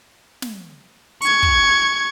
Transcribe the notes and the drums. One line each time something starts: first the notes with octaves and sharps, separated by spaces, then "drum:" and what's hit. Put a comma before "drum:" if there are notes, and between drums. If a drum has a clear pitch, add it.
drum: snare
C#6 G#6, drum: hi-hat
drum: kick